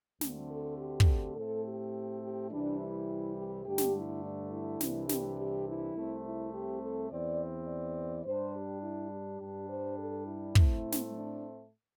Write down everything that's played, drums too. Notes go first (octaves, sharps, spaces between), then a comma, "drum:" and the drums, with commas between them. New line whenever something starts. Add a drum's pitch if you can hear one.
D2 D3 A3 C4, drum: snare
A4
G4
drum: kick
A2 A3 C4 A4
G4
G4
C2 C3 E3 G3 D4
E4
G4
G2 D3 A3 G4
drum: snare
E4
D4
E4
C2 C3 E3 G3 D4, drum: snare
G4, drum: snare
G4
E4
C2 C3 A3 C4
E4
G4
A4
E2 E3 C4 D5
D5
G2 G3 D4 C5
G4
E4
G4
G2 G3 D4
C5
A4
E4
A2 A3 C4, drum: kick
drum: snare
D4